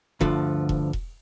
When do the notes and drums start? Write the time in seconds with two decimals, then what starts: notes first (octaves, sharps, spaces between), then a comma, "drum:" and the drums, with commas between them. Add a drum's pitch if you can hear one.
0.21 D2 G2 D3 F3, drum: kick E1
0.69 drum: kick E1
0.93 drum: kick E1